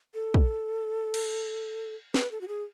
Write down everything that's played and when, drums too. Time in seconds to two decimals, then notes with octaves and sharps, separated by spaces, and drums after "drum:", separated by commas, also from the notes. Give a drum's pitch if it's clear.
0.14 A4
0.34 drum: kick
1.14 drum: cymbal
2.14 B4, drum: snare
2.31 A4
2.41 F#4
2.48 G#4